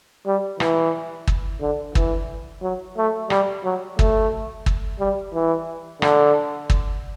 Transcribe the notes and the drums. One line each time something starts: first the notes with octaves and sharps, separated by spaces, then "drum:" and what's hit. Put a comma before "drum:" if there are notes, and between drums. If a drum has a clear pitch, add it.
G3
E3, drum: rim click
drum: kick
D3
E3, drum: kick
F#3
A3
G3, drum: rim click
F#3
A3, drum: kick
drum: kick
G3
E3
D3, drum: rim click
drum: kick